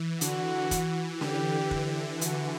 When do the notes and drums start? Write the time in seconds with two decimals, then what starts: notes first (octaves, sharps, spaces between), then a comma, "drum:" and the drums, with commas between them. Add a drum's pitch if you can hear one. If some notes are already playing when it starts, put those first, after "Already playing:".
Already playing: E3
0.21 D3 F#4, drum: hi-hat
0.71 E3, drum: kick, hi-hat
1.21 D3 G4, drum: snare C#4
1.71 drum: kick
2.21 F#4, drum: hi-hat